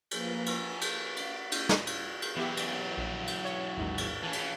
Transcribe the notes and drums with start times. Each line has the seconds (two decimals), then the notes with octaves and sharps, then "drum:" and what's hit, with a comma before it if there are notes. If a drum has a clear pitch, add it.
0.11 F3 A#3 F4 B4 A#5, drum: cymbal
0.46 drum: cymbal
0.56 G#5 A5 F6
0.81 drum: cymbal
0.95 D6
1.17 drum: cymbal
1.52 drum: cymbal
1.69 drum: snare
1.87 drum: cymbal
2.22 drum: cymbal
2.36 E3 F#3 B3 E4 G4
2.57 drum: cymbal
2.97 A#1
3.27 drum: cymbal
3.45 C#5
3.77 A1 D#2 G#2
3.98 drum: cymbal
4.23 E3 C#4 A5
4.33 drum: cymbal